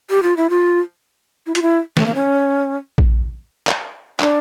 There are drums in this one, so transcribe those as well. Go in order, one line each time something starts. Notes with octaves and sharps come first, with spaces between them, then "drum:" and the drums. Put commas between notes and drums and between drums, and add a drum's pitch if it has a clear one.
G4
F4
E4
F4
E4
F4, drum: hi-hat
E4
A3, drum: snare
A#3
C#4
drum: kick A#1
drum: clap
D4, drum: clap